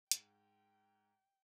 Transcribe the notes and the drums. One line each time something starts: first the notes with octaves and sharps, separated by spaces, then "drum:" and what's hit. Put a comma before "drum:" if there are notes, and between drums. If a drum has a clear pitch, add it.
G#2 G5, drum: hi-hat